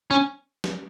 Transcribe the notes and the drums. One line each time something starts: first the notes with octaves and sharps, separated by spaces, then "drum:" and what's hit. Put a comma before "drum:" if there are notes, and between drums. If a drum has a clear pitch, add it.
C#4
drum: snare